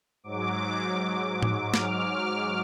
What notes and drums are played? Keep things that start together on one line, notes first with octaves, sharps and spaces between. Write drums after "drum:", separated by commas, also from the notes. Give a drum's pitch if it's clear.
G#2 F#3 D6
drum: tom A2
F6, drum: snare